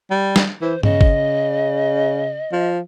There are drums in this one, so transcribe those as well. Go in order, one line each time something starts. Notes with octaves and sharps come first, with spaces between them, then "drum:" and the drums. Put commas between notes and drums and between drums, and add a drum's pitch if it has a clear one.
G3
drum: snare
E3 C5
C#3 D#5, drum: tom G2
drum: kick G#1
F3